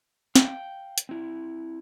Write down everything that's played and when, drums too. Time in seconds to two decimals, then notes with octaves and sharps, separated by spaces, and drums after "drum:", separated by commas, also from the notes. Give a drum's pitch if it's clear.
0.35 F5 G5, drum: snare
0.98 drum: hi-hat
1.09 C4 E4